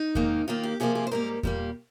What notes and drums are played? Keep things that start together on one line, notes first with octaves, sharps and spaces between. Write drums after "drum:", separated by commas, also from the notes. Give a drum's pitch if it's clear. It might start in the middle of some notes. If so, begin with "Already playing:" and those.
Already playing: D#4
G#2 D#3 A#3, drum: kick E2
D#2 D#3 A#3 F4
G4
C3 F3 A#3 G#4
G#4
C5
G#2 G3 A#3 A#4
A#2 G3 A#3, drum: kick E2